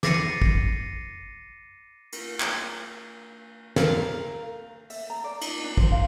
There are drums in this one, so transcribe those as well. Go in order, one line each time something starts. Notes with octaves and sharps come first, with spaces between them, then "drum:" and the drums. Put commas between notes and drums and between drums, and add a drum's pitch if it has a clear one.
D6 A6 A#6 C7 C#7 D#7, drum: snare
drum: kick
drum: cymbal
drum: clap
A#4 F5, drum: snare
E5, drum: open hi-hat
A#5
D5
D#4, drum: cymbal
D4
C5, drum: kick
F5